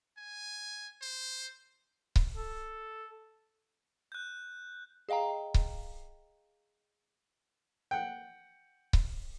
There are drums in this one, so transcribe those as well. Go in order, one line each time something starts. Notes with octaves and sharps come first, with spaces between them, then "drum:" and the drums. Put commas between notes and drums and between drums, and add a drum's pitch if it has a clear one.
G#5
C5
drum: kick C#1
A4
F#6 G6
G#4 D#5 F5 G5 A#5
drum: kick C#1
F#5 G5
drum: kick C#1